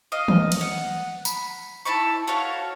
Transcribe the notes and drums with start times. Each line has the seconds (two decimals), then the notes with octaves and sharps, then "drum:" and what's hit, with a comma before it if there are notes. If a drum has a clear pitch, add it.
0.12 D#5 F5
0.28 drum: tom D#3
0.52 drum: cymbal
0.61 F#5
1.25 B5, drum: tambourine
1.85 E4 A5 B5 C#6
2.27 F#4 A4 C#5 F5